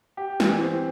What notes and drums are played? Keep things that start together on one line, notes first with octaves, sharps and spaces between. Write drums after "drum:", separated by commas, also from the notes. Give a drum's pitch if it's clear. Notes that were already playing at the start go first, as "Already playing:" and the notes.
G4
E3, drum: snare
C4